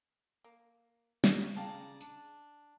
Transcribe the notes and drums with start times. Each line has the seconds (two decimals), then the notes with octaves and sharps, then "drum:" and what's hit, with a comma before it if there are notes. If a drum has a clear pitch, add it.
0.44 A#3
1.24 F#3 B3, drum: snare
1.56 C#3 D5 F5 G5 A5 A#5
2.01 D4, drum: tambourine